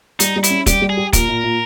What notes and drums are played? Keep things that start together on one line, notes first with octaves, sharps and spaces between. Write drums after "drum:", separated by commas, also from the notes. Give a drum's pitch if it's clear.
G3 D#4, drum: hi-hat
G3
E4, drum: hi-hat
C#4
G3 G4, drum: kick, hi-hat
G3
G#4
G4
A#2 A#4, drum: kick, hi-hat
A#2
A#2